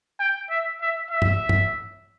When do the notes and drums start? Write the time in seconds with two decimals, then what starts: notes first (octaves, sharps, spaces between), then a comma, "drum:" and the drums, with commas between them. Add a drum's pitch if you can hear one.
0.20 G5
0.50 E5
0.81 E5
1.11 E5
1.22 drum: tom
1.49 drum: tom